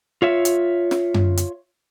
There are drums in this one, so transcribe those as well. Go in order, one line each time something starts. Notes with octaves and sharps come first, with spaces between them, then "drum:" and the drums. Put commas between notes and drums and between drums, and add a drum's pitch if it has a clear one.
F4 C#5 E5
drum: hi-hat
drum: snare
drum: tom F#2
drum: hi-hat